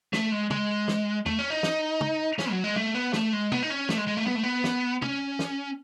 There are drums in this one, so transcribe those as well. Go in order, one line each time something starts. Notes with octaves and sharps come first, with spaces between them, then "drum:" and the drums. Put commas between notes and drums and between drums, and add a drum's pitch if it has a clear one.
A3, drum: snare
G#3
G#3, drum: tom
drum: snare
A3, drum: tom
C#4
D#4
drum: snare
drum: tom
C#4, drum: snare
F#3
G#3
A3, drum: tom
B3
A3, drum: snare
G#3
B3, drum: tom
D#4
C#4
A3, drum: snare
G#3
G#3
A3
B3, drum: tom
A3
B3
drum: snare
C#4, drum: tom
drum: snare